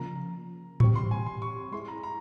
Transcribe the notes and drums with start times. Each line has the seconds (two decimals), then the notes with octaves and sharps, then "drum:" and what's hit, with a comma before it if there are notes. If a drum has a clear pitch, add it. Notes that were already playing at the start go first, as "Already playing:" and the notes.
Already playing: C#3 F3 A#3 A#5
0.80 E3 G3 C4 G4 C#6, drum: tom G#2
0.96 C6
1.11 G#5
1.26 C6
1.42 C#6
1.72 G#3 E4 G#4 C6
1.88 A#5
2.03 A#5